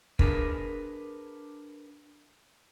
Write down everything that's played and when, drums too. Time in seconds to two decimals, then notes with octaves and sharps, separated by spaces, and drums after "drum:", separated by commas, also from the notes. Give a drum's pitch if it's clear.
0.19 D4 G#4 A#4 B4, drum: kick